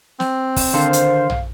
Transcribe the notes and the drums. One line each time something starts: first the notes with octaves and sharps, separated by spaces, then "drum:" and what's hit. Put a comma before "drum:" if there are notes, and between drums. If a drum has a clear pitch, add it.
C4, drum: snare
drum: kick, open hi-hat
D3 D#3 A4 C5 F5
drum: hi-hat
drum: tom A#1